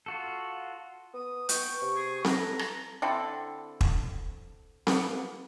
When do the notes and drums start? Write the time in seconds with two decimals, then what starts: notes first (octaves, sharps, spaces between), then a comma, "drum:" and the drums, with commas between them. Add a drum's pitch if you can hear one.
0.06 F4 F#4 A4
1.14 B3 D#6
1.49 B3 G5 C#6, drum: hi-hat
1.82 C3
1.96 G#4
2.24 A4 B4 A#5, drum: snare C4
2.59 drum: rim click
3.02 D3 C4 E4 A4
3.81 drum: kick
4.87 A#3 B3, drum: snare C4